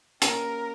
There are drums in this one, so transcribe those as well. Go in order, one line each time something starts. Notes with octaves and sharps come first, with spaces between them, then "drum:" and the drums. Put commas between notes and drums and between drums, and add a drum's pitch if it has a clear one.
A#3 C#4 G4 A#4 B4, drum: hi-hat